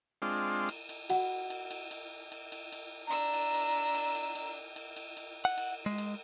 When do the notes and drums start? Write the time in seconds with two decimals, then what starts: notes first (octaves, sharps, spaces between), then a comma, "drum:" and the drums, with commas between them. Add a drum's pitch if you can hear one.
0.22 G#3 C4 D4 F4
0.69 drum: cymbal
0.89 drum: cymbal
1.10 F#4 F#5, drum: cymbal
1.50 drum: cymbal
1.71 drum: cymbal
1.91 drum: cymbal
2.32 drum: cymbal
2.52 drum: cymbal
2.72 drum: cymbal
3.07 D4 A#5 E6
3.34 drum: cymbal
3.54 drum: cymbal
3.95 drum: cymbal
4.15 drum: cymbal
4.35 drum: cymbal
4.76 drum: cymbal
4.96 drum: cymbal
5.17 drum: cymbal
5.45 F#5
5.58 drum: cymbal
5.86 G#3
5.98 drum: cymbal